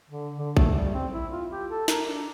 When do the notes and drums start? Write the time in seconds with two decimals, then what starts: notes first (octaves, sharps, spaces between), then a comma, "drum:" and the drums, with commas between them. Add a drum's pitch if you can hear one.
0.10 D3
0.38 D3
0.57 A3, drum: kick A#1
0.76 G3
0.94 C4
1.13 E4
1.31 F4
1.51 G4
1.70 A4
1.88 A#4, drum: snare
2.07 D4